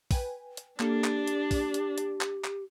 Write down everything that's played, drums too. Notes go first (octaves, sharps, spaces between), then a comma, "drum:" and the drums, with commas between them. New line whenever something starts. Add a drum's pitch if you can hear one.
B4 G5 G#5, drum: kick, open hi-hat
drum: hi-hat
A#3 D4 G4 A4, drum: clap
drum: clap
drum: hi-hat
drum: kick, open hi-hat
drum: hi-hat
drum: hi-hat
drum: clap
drum: clap